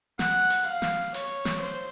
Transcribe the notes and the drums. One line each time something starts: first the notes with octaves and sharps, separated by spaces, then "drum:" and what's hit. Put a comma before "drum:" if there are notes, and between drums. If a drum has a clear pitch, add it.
F#5, drum: snare
drum: hi-hat
F5
drum: snare
C#5, drum: hi-hat
drum: snare
C5